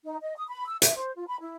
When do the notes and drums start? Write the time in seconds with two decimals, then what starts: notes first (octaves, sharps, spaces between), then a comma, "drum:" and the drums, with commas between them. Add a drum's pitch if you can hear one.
0.05 D#4
0.21 D#5
0.37 D#6
0.48 B5
0.68 E6
0.82 E5, drum: hi-hat
0.96 C5
1.16 F4
1.27 B5
1.40 E4